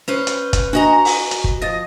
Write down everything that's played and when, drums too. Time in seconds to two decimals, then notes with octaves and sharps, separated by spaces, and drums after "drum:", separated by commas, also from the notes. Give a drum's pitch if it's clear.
0.08 C#4 B4 C5
0.27 drum: hi-hat
0.53 drum: kick, hi-hat
0.73 D4 F#4 D#5 G#5 A#5
0.92 G#5
1.05 drum: open hi-hat
1.31 drum: hi-hat
1.44 drum: kick
1.62 F3 D#5 A6 A#6